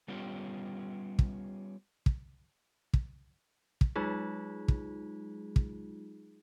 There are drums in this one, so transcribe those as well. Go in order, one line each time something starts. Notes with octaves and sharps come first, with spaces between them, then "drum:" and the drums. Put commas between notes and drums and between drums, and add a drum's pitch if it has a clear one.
G3 B3 C#4 F4 G4
drum: kick
drum: kick
drum: kick
drum: kick
F#3 G#3 D#4 F4 G#4
drum: kick
drum: kick